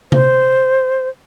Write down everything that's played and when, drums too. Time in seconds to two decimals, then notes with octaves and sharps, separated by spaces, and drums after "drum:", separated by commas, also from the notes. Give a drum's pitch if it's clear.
0.12 C5, drum: tom C3